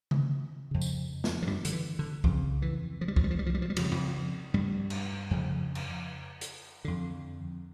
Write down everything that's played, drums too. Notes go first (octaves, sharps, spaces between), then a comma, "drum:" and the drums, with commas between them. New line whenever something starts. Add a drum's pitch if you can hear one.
drum: tom C#3
F2 C#3
drum: tambourine
drum: snare
F3
G2 G3
D3, drum: hi-hat
E3
D3
F2 C#3, drum: kick C2
E3
F3
G3
F3, drum: kick C2
G3
F3
G3
F3
G3
F3
G3
F2 C#3 F3, drum: cymbal
G3
F2 F3
G2 G3
drum: cymbal
F2 C#3
drum: cymbal
drum: hi-hat
F2 D3